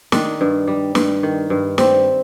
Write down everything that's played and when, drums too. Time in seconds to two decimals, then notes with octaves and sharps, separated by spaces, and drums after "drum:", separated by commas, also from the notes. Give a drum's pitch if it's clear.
0.12 D#3 D4, drum: snare
0.41 G2
0.68 G3
0.95 G2, drum: snare
1.23 D#3
1.50 G2
1.78 G3 C4, drum: snare